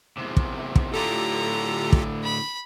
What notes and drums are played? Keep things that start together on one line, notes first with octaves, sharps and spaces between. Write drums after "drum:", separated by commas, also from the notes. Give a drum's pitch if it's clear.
E2 C3
drum: kick
drum: kick
A2 D3 F4 G4 A4 A#5
drum: kick
B5